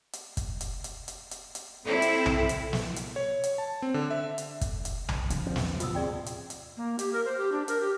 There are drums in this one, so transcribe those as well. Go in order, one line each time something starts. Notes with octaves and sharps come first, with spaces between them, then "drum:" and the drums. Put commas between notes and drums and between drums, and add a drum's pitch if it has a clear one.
drum: hi-hat
drum: kick, hi-hat
drum: hi-hat
drum: hi-hat
drum: hi-hat
drum: hi-hat
drum: hi-hat
C4 E4 A4
drum: hi-hat
drum: tom B1
drum: hi-hat
drum: snare
drum: hi-hat
C#5
drum: hi-hat
A5
C4
D3
E5
drum: hi-hat
drum: kick, hi-hat
drum: hi-hat
drum: tom B1
D3 F3, drum: hi-hat
E2 C4
drum: snare
G2 B2 F4 D#6 E6, drum: hi-hat
D#2 A2 C4 G#4 D5 G5
drum: hi-hat
drum: hi-hat
A#3
G4, drum: hi-hat
A#4
C5
G4
D4
A#4, drum: hi-hat
G4